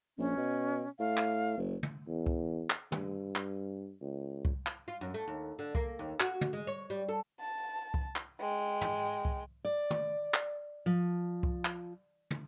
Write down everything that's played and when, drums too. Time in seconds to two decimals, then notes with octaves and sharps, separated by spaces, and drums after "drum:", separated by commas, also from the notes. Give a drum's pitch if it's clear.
0.18 A#1 C#4
0.37 B2
0.99 A2 F5
1.17 drum: clap
1.57 F#1
1.83 drum: tom
2.07 E2
2.26 drum: kick C2
2.70 drum: clap
2.92 G2, drum: tom
3.36 drum: clap
4.01 C#2
4.45 drum: kick C2
4.67 drum: clap
4.88 F4
5.01 F#2
5.14 A3
5.28 D#2
5.59 D3
5.75 A#3, drum: kick C2
5.99 D#2
6.20 F#4, drum: clap
6.41 drum: tom
6.53 G#3
6.67 C#5
6.90 G3
7.09 A4
7.40 A5
7.94 drum: kick C2
8.16 drum: clap
8.40 G#3 G5
8.81 drum: tom
9.25 drum: kick C2
9.65 D5
9.90 drum: tom
10.34 drum: clap
10.86 F3
11.43 drum: kick C2
11.65 drum: clap
12.30 drum: tom